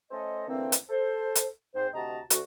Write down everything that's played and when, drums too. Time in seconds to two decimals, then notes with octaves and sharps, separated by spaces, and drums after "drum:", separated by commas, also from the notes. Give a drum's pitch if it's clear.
0.11 A3 C#4 A4 C5 D#5
0.48 D3 E3 A3 A#3 C4
0.72 drum: hi-hat
0.89 A4 C5
1.35 drum: hi-hat
1.75 G#2 C4 C5
1.94 D2 C3 F#4 D#5 A5 A#5
2.30 D2 F#4, drum: hi-hat